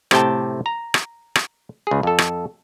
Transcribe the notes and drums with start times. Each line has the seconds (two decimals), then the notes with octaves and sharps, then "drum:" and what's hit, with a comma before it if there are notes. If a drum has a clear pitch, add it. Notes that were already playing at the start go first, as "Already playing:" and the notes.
0.11 A2 C3 G5 A5, drum: rim click
0.66 A#5
0.94 drum: rim click
1.35 drum: rim click
1.87 C#2 G#4
2.03 F2 A4
2.18 drum: rim click